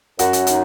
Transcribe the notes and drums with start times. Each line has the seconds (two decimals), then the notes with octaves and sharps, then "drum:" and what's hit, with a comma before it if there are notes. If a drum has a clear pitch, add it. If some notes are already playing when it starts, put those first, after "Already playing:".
0.19 F#2 F#4, drum: hi-hat
0.33 drum: hi-hat
0.47 D#4, drum: hi-hat